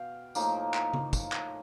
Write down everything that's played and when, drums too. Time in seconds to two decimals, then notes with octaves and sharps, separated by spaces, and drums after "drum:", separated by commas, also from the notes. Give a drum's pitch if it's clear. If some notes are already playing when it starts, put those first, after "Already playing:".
Already playing: B2 B3 F5 G5
0.35 A2 F3 A#3 D#4, drum: tambourine
0.74 drum: clap
0.93 drum: tom C#3
1.13 drum: kick, tambourine
1.32 drum: clap